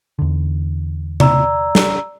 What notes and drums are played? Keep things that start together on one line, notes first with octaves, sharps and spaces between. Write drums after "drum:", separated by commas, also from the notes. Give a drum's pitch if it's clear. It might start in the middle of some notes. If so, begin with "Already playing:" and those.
E2 D3
D5 A#5 E6, drum: tom C3
drum: snare